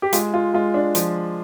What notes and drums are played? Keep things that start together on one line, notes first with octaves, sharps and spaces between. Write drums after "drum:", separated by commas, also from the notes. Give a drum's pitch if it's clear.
G4
G#3 F4, drum: hi-hat
F4
G#3 F4
D4
F3, drum: hi-hat